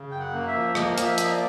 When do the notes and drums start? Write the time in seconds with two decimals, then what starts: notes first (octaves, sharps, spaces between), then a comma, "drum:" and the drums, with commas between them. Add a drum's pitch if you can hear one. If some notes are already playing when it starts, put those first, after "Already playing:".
Already playing: C#3
0.11 F#2 G5
0.19 F#5
0.33 A#3
0.47 E5
0.55 F3
0.75 A#3 D#5, drum: rim click
0.92 F5
0.98 F3, drum: hi-hat
1.04 E5
1.18 A#3 D#5, drum: hi-hat
1.32 D5